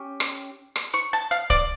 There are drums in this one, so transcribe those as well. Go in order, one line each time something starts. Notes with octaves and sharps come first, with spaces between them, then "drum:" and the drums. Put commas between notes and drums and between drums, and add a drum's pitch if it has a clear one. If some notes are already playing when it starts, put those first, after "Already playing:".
Already playing: C#4 G4
drum: rim click
drum: rim click
C#6
A5
F5
D5, drum: kick